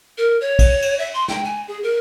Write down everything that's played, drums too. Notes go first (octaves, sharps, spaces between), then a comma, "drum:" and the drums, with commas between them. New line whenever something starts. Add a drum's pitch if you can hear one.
A#4
C#5
drum: kick, cymbal
drum: cymbal
E5
C6
G5, drum: snare
G#5
G#4
A#4